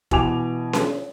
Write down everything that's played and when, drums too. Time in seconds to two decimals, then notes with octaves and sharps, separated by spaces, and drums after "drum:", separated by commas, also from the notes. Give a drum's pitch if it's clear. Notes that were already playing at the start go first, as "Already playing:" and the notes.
0.11 B2 E3 G#5 D6 F7, drum: kick
0.73 drum: snare C#4